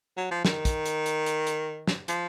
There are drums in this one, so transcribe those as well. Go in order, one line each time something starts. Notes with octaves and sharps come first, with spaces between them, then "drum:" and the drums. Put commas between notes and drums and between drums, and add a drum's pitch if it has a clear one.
F#3
F3
D#3, drum: snare
drum: kick, hi-hat
drum: hi-hat
drum: hi-hat
drum: hi-hat
drum: hi-hat
drum: snare
F3, drum: hi-hat